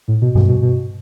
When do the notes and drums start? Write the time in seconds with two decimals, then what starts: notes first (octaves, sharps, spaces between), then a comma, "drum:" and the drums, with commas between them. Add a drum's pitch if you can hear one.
0.08 A2
0.22 B2
0.35 B2, drum: tom G2
0.49 B2
0.62 B2